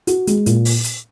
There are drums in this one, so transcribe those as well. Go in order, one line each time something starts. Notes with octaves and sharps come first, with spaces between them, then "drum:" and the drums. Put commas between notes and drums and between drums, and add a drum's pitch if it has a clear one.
F#4, drum: hi-hat
G#3, drum: hi-hat
A#2, drum: hi-hat
drum: open hi-hat
drum: hi-hat